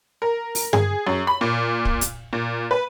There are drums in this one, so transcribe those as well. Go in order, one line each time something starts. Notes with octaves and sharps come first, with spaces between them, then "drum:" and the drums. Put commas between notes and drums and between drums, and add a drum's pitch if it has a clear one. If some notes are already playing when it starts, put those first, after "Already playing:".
A#4
drum: open hi-hat
G#4, drum: tom G2
F#2
B5
A#2
drum: kick
drum: hi-hat
A#2
B4